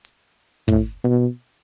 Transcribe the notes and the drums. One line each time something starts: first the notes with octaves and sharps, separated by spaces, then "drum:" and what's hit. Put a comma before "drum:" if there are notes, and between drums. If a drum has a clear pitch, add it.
drum: hi-hat
A2, drum: kick
B2